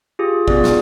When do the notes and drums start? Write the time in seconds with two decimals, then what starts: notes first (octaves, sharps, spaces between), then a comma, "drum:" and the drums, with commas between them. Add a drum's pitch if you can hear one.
0.19 F4 G4 G#4
0.48 B3 C#4 F4 G#4 D5, drum: kick G#1
0.64 drum: snare